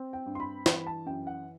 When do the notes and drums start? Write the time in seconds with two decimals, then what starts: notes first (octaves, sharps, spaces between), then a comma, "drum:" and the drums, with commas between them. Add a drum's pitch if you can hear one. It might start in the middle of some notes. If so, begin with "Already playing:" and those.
Already playing: C4
0.13 G5
0.26 G2
0.35 C6
0.40 B5
0.66 E3 B5, drum: snare
0.87 A5
1.06 F#2 G5
1.27 F#5